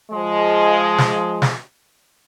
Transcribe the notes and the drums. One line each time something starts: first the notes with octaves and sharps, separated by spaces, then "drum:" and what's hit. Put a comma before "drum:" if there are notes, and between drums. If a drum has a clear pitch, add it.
F3 G#3
drum: snare
drum: snare